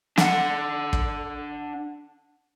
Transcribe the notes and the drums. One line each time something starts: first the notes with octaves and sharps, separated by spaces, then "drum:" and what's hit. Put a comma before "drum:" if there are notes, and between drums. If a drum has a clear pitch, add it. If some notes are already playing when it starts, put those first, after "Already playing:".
D4 F#5, drum: snare
drum: kick